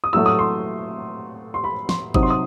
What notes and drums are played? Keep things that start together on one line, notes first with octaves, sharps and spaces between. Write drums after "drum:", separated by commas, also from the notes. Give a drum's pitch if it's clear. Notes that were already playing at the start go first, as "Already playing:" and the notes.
D#6
A2 F#3 A3 E6
D#6
C6
C6
B5
C6, drum: snare
C3 F#3 C4 D#4 D#6, drum: kick G1
C6
D#6